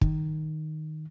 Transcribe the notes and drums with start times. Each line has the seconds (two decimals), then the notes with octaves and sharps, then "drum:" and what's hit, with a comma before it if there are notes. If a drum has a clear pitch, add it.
0.01 D#3, drum: kick